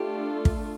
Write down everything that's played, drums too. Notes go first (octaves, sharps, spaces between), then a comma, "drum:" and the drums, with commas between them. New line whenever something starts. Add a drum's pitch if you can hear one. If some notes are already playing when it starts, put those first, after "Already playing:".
Already playing: A3 D4 F4 G4 A4
drum: kick